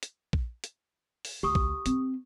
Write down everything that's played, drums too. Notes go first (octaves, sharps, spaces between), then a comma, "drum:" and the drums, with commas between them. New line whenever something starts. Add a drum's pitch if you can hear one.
drum: hi-hat
drum: kick A#1
drum: hi-hat
drum: open hi-hat
D2 G4 C#6 D#6
drum: kick A#1
C4, drum: hi-hat